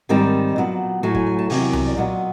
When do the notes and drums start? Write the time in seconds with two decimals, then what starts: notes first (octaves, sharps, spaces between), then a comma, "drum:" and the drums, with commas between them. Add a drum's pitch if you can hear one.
0.09 G#2 D#3 G3 C4 D#4 A5
0.56 A#2 F#3 B3
1.03 A2 F#3 A3 G#5
1.15 G#5, drum: kick
1.26 G#5
1.39 A5
1.50 E2 C3 D#3 F#3 G#5, drum: open hi-hat
1.73 drum: tom C2
1.86 D5
1.97 A#2 F#3 B3 D#5